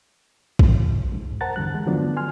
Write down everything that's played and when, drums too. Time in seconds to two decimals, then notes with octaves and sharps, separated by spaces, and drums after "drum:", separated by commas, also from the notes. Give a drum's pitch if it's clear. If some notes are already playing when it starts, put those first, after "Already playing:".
0.59 drum: kick
1.10 F2 G#2
1.41 A#4 C5 F#5 A5 A#5 A6
1.56 E2 G2 D3 G3 F#6
1.75 G#3
1.86 D3 F3 F#3 A3 B3 D4
2.17 G#5 C6 F6